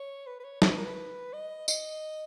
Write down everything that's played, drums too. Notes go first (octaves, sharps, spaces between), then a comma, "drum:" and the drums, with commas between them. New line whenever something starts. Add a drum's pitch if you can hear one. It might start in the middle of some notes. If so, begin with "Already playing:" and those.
Already playing: C#5
B4
B4
C#5
C#5, drum: snare
B4
A#4
B4
D#5
D#5, drum: tambourine